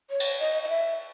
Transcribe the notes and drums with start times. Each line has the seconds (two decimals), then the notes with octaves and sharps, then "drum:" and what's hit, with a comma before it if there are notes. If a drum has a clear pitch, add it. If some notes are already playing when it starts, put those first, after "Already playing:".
0.10 C#5
0.20 drum: cymbal
0.40 D#5
0.63 D#5
0.69 E5